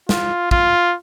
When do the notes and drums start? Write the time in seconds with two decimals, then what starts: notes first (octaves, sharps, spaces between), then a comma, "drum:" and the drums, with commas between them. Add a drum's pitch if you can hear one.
0.09 F4, drum: snare
0.51 F4, drum: kick